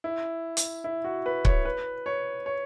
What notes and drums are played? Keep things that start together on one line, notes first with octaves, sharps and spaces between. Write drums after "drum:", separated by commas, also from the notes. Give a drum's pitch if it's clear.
E4
drum: hi-hat
E4
F#4
B4
C#5, drum: kick C#1
B4
C#5
C#5